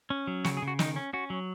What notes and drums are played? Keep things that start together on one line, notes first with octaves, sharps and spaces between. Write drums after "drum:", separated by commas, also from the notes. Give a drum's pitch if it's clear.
C#4
F#3
C#3 F#4, drum: snare
G#4
C#3
F#4
D#3 D#4, drum: snare
C#4
C#4 F#4
F#3